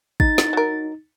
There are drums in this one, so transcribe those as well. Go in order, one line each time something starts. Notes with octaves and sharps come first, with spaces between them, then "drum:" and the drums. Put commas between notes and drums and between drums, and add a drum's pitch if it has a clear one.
D#4 A6, drum: kick
drum: snare
F#3 A#4